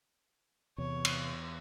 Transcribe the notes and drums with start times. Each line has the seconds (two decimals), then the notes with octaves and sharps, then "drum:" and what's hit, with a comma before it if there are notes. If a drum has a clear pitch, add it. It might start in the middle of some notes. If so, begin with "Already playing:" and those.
0.78 E2 C3 C#5
1.05 drum: cymbal